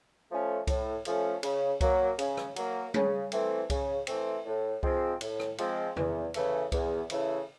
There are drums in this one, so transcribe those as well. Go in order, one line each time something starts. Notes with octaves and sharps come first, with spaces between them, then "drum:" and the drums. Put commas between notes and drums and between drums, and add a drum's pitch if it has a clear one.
F3 A3 C#4
A2, drum: kick C2, cymbal
F3 A3 C#4, drum: cymbal
C#3, drum: cymbal
F#3 A#3, drum: kick C2, cymbal
C#3, drum: cymbal
drum: rim click
F#3 A#3, drum: cymbal
C#3, drum: tom G3
E3 A3 C4, drum: cymbal
C#3, drum: kick C2, cymbal
E3 A3 C4, drum: cymbal
A2
F3 G#3 C4, drum: kick C2
A2, drum: cymbal
drum: rim click
F3 G#3 C4, drum: cymbal
E2, drum: tom E2
C#3 E3 A3, drum: cymbal
E2, drum: kick C2, cymbal
C#3 E3 A3, drum: cymbal